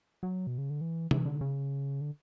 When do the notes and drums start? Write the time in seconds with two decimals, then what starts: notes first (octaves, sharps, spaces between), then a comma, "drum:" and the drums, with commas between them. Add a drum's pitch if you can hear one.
0.23 F#3
0.47 B2
0.58 C#3
0.70 D3
0.81 E3
1.11 E3, drum: tom
1.26 D3
1.41 C#3
2.01 D3